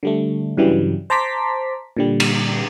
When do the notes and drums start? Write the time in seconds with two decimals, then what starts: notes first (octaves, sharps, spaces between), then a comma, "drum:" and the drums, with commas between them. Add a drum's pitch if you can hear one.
0.03 D3 G3 A3
0.57 G2 C#3 E3 F#3 G3
1.10 C5 A5 A#5 C6 D6 B6
1.97 A#2 D3 G3
2.20 drum: cymbal